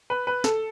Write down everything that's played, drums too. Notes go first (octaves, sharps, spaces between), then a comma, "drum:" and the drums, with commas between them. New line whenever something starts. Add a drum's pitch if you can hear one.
B4
B4
A4, drum: snare